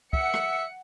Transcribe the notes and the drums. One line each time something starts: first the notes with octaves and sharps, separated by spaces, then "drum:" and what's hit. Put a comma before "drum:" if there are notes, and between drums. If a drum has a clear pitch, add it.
E5 F#5 C#7, drum: kick
drum: rim click